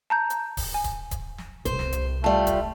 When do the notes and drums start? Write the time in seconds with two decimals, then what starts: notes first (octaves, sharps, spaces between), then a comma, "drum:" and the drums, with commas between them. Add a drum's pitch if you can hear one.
0.10 A5 A#5 G6
0.30 drum: hi-hat
0.57 drum: kick D1, open hi-hat
0.74 G#5
0.84 drum: kick D1, hi-hat
1.11 drum: kick D1, hi-hat
1.38 drum: snare
1.65 C2 C5, drum: kick D1, hi-hat
1.79 drum: snare
1.92 drum: hi-hat
2.24 G3 A3 F4 A5
2.47 drum: kick D1, hi-hat